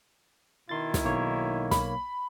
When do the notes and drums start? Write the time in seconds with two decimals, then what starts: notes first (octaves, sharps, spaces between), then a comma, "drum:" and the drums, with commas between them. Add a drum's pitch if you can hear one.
0.69 B2 D#3 E4 C6 A6
0.94 drum: snare
1.04 B1 A#3 C#5
1.71 B5, drum: snare